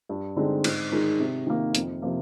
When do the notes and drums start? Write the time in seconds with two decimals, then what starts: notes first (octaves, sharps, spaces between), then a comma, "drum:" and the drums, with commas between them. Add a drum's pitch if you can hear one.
0.09 G2
0.36 D3 G#3 C4 D#4
0.64 G#2, drum: cymbal
0.92 D#3 G#3 D#4 A#4
1.20 C3
1.47 D#3 A#3
1.75 F2, drum: hi-hat
2.02 C3 F3 A#3